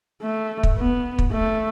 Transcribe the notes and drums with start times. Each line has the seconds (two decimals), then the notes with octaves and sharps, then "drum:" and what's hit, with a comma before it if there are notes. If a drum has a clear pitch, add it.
0.22 A3
0.63 drum: kick
0.77 B3
1.19 drum: kick
1.32 A3